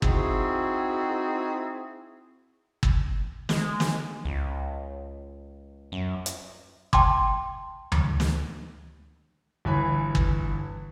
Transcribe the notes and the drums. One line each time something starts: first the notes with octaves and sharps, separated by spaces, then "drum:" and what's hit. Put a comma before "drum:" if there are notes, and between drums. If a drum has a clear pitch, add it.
C4 D#4 E4 F#4 G#4, drum: kick G1
drum: kick G1
G#3, drum: snare
drum: snare
C#2
F#2
drum: hi-hat
G5 A5 C6 D6, drum: kick G1
drum: tom D2
drum: snare
G1 E3 G#5 B5
drum: kick G1